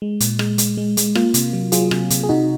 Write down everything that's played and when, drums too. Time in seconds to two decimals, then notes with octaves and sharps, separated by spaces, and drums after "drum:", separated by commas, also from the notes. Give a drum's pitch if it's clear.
0.02 G#3
0.20 A#2, drum: hi-hat
0.39 G#3, drum: rim click
0.58 G#3, drum: hi-hat
0.77 G#3
0.97 G#3, drum: hi-hat
1.15 A#3 F4, drum: rim click
1.34 C3, drum: hi-hat
1.53 F#3
1.72 F#3 F4 G#4, drum: hi-hat
1.91 C3, drum: rim click
2.10 C3, drum: hi-hat
2.24 G#4
2.29 C3 D#4 F#4